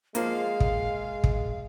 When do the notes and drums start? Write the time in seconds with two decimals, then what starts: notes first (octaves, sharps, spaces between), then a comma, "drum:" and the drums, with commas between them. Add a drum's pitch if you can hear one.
0.15 F3 G#3 A#3 F5, drum: hi-hat
0.60 drum: kick
1.24 drum: kick